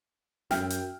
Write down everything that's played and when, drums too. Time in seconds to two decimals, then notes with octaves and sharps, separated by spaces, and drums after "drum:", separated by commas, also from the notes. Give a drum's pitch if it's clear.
0.51 F#2 E5 G5 F6, drum: snare
0.70 drum: hi-hat